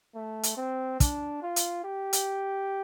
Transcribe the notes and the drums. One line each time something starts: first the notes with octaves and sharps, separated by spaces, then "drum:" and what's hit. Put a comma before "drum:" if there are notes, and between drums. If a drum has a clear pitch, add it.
A3
drum: hi-hat
C4
D4, drum: kick, hi-hat
F4
drum: hi-hat
G4
drum: hi-hat